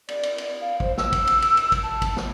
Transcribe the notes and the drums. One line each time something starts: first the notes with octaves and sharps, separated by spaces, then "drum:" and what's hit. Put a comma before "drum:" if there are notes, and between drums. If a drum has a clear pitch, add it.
D5, drum: cymbal
drum: cymbal
drum: cymbal
F5
C5, drum: kick A1
E6, drum: snare
drum: kick A1, cymbal
drum: cymbal
drum: cymbal
drum: cymbal
drum: kick A1, cymbal
A5
drum: kick A1, cymbal
drum: snare